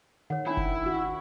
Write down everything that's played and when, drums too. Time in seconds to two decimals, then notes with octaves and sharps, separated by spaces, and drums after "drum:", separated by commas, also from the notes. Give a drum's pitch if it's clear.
0.30 D#3 C#5 F#5
0.47 C#4 D4 E4 B5
0.57 drum: kick F1
0.86 F#4